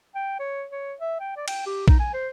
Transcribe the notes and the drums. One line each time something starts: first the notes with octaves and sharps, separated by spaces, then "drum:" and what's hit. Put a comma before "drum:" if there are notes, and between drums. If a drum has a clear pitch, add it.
G5
C#5
C#5
E5
G5
D5
G5, drum: cymbal
G4
D#4, drum: kick
G#5
C5